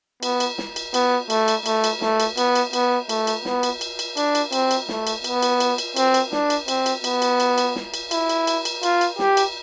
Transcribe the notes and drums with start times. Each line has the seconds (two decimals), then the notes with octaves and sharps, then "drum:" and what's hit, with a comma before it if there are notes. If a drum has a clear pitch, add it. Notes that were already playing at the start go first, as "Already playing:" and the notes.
0.23 B3, drum: cymbal
0.40 drum: cymbal
0.58 drum: snare
0.76 drum: cymbal
0.94 B3, drum: cymbal
1.30 A3, drum: cymbal
1.48 drum: cymbal
1.66 A3, drum: cymbal
1.84 drum: cymbal
2.01 A3, drum: snare
2.20 drum: cymbal
2.37 B3, drum: cymbal
2.56 drum: cymbal
2.73 B3, drum: cymbal
3.09 A3, drum: cymbal
3.27 drum: cymbal
3.45 B3, drum: snare
3.63 drum: cymbal
3.81 drum: cymbal
3.99 drum: cymbal
4.17 D4, drum: cymbal
4.35 drum: cymbal
4.53 C4, drum: cymbal
4.71 drum: cymbal
4.89 A3, drum: snare
5.07 drum: cymbal
5.24 B3, drum: cymbal
5.42 drum: cymbal
5.60 drum: cymbal
5.78 drum: cymbal
5.97 C4, drum: cymbal
6.14 drum: cymbal
6.32 D4, drum: snare
6.50 drum: cymbal
6.68 C4, drum: cymbal
6.86 drum: cymbal
7.04 B3, drum: cymbal
7.22 drum: cymbal
7.40 drum: cymbal
7.58 drum: cymbal
7.76 drum: snare
7.94 drum: cymbal
8.11 E4, drum: cymbal
8.29 drum: cymbal
8.47 drum: cymbal
8.65 drum: cymbal
8.83 F4, drum: cymbal
9.01 drum: cymbal
9.19 G4, drum: snare
9.37 drum: cymbal